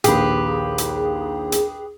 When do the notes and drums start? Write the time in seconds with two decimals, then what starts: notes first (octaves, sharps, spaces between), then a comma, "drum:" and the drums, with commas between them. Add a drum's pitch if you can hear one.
0.04 A#1 D#2 G4 G#4 B4, drum: hi-hat
0.78 drum: hi-hat
1.52 drum: hi-hat